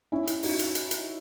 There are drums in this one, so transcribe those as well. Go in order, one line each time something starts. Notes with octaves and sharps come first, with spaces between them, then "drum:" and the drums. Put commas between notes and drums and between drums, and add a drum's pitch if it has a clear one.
C#4 E4
drum: hi-hat
D#4 F#4, drum: open hi-hat
drum: hi-hat
drum: hi-hat
drum: hi-hat